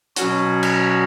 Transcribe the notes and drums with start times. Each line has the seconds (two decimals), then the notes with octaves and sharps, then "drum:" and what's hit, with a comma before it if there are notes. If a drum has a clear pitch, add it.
0.16 B2 F#3 C#4 F#4, drum: hi-hat
0.63 drum: cymbal